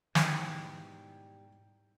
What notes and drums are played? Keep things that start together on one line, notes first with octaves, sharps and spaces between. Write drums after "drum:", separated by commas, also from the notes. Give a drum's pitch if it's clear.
G#2 B2 E3 G3 D#4 G5 A#5, drum: snare